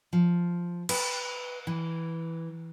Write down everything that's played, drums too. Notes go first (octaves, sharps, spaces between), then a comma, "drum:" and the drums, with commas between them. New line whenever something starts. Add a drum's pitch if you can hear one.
F3
B4, drum: cymbal
E3